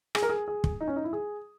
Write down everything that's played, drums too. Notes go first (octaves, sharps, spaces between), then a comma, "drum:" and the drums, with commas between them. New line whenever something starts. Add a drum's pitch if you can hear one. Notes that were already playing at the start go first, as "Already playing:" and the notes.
G#4, drum: rim click
A#4
G#4
G#4
drum: kick
D#4
C#4
D#4
E4
G#4